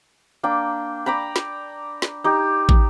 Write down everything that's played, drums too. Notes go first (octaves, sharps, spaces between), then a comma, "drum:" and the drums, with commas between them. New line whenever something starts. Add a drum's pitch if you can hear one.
A#3 D4 G5
D5 G5 A#5 B5
drum: snare
drum: snare
D#4 G4
drum: kick